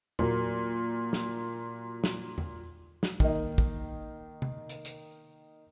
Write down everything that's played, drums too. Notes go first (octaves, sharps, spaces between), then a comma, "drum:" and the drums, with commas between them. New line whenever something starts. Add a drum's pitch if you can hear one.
A#2 F#3 A#3, drum: tom E2
drum: snare
drum: snare
drum: tom E2
drum: snare
D#3 A#3 D#4, drum: kick
drum: kick
drum: tom C3
drum: hi-hat
drum: hi-hat